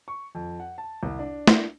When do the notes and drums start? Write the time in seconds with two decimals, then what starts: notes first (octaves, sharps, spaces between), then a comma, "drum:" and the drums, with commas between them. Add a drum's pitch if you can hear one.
0.08 C#6
0.35 F2
0.60 F#5
0.78 A5
1.03 C2
1.19 D4
1.47 drum: snare